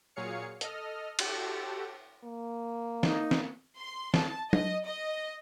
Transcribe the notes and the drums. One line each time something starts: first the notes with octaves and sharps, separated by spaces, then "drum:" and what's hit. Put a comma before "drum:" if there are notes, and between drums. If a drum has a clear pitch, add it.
A#2 F#3 G#4 C#5 F5 C#7
A4 D#5 F6, drum: hi-hat
F#4 G4 A4, drum: cymbal
A#3
D#4, drum: snare
drum: snare
C6
A5, drum: snare
D#5, drum: tom
D#5